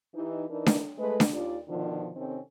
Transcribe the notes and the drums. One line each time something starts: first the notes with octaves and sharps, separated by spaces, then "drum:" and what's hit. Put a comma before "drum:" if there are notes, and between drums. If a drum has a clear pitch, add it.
E3 D#4 G4
E3 D4 D#4 A#4
drum: snare D4
G#3 A3 B4
drum: snare D4
D#2 F4 D5
B2 D3 D#3 F3
C3 D#3 C4 C#4 A4